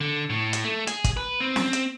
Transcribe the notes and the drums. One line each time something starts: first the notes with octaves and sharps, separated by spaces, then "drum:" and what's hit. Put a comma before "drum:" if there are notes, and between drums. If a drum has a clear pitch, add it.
D3
A2
drum: hi-hat
A3
G#4, drum: hi-hat
drum: kick, hi-hat
B4
C4
drum: snare C#4
drum: hi-hat